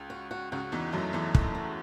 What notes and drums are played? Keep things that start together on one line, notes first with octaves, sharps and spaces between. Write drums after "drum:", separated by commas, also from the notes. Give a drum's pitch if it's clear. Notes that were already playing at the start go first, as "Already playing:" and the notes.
Already playing: C#2
F#4
F#4
C#2 C#3 F#4
E2 E3 D#4
F#2 F#3 A3
E2 E3 D#4
A3, drum: kick
F#4